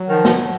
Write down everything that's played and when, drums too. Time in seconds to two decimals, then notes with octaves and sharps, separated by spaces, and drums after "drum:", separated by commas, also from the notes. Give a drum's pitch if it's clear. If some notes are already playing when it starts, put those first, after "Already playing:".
Already playing: F#3
0.08 D#3 F3
0.25 drum: snare